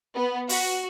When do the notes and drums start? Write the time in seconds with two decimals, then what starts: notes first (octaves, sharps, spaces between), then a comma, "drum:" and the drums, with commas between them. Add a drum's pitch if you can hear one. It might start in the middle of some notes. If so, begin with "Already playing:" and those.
0.14 B3
0.49 F#4, drum: open hi-hat